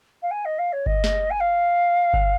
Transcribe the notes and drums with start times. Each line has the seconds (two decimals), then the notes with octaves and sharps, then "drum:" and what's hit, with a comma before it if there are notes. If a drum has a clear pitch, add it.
0.22 F5
0.31 G#5
0.45 D#5
0.58 F5
0.72 C#5
0.86 D#5, drum: kick G1
1.04 drum: snare
1.30 G#5
1.40 F5
2.13 drum: kick G1